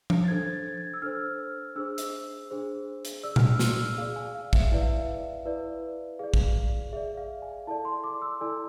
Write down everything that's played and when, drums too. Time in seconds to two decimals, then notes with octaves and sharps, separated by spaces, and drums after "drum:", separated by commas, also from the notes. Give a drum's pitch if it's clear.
0.10 drum: tom F3
0.24 A6
0.28 D4 A4 C5 G#6
0.53 A6
0.78 G#6
0.94 E6
1.02 D4 A4 C5 F6
1.76 D4 G#4 C5 E6
1.98 drum: hi-hat
2.51 D4 G#4 C5
3.05 drum: hi-hat
3.23 G#4 D5 E6
3.36 F6, drum: tom A#2
3.47 E6
3.59 F6, drum: snare
3.72 E6
3.98 G#4 D5 F5
4.16 G#5
4.35 F5
4.53 E5, drum: kick
4.71 E4 B4 D5 E5
4.81 F5
4.92 E5
5.45 E4 B4 D5
6.19 G#4 D5 F5
6.34 drum: kick
6.93 G#4 D5 E5
7.17 F5
7.42 G#5
7.67 E4 A4 D5 A5
7.85 C6
8.04 D6
8.22 E6
8.41 E4 A4 D5 G#5